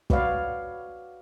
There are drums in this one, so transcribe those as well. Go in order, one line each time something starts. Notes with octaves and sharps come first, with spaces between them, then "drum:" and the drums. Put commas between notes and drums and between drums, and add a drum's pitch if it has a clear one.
F#4 B4 C#5 D5 F5, drum: kick